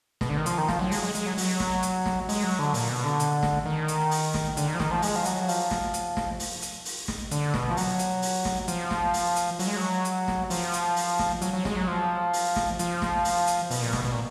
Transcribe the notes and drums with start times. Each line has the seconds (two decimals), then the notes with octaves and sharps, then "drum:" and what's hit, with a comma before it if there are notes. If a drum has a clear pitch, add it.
0.21 B2, drum: snare
0.29 D3
0.37 D#3
0.46 F3, drum: hi-hat
0.58 D#3
0.68 F3, drum: snare
0.79 F#3
0.91 G#3, drum: open hi-hat
1.02 G#3
1.15 G#3, drum: hi-hat
1.26 F#3
1.38 F#3, drum: open hi-hat
1.60 drum: snare
1.83 drum: hi-hat
2.06 drum: snare
2.29 G#3, drum: open hi-hat
2.44 F#3
2.59 D3
2.74 A#2, drum: open hi-hat
2.89 B2
3.04 D3
3.20 drum: hi-hat
3.43 drum: snare
3.65 D#3
3.88 drum: hi-hat
4.11 drum: open hi-hat
4.34 drum: snare
4.57 D3, drum: hi-hat
4.68 D#3
4.75 F3
4.80 D#3, drum: snare
4.91 F3
5.02 G#3, drum: open hi-hat
5.16 F3
5.25 F#3, drum: hi-hat
5.48 F3, drum: open hi-hat
5.71 drum: snare
5.94 drum: hi-hat
6.17 drum: snare
6.40 drum: open hi-hat
6.62 drum: hi-hat
6.85 drum: open hi-hat
7.08 drum: snare
7.31 D3, drum: hi-hat
7.54 B2, drum: snare
7.70 F3
7.77 F#3, drum: open hi-hat
7.99 drum: hi-hat
8.22 drum: open hi-hat
8.45 drum: snare
8.68 F3, drum: hi-hat
8.91 drum: snare
9.14 drum: open hi-hat
9.36 drum: hi-hat
9.59 F#3, drum: open hi-hat
9.67 G#3
9.76 F#3
10.05 drum: hi-hat
10.28 drum: snare
10.50 F3, drum: open hi-hat
10.73 drum: hi-hat
10.96 drum: open hi-hat
11.19 drum: snare
11.42 F#3, drum: hi-hat
11.53 F#3
11.65 G#3, drum: snare
11.76 F#3
11.88 F3
12.33 drum: open hi-hat
12.56 drum: snare
12.79 F3, drum: hi-hat
13.02 drum: snare
13.25 drum: open hi-hat
13.48 drum: hi-hat
13.71 B2, drum: open hi-hat
13.82 A#2
13.93 B2, drum: snare
14.05 B2
14.12 A#2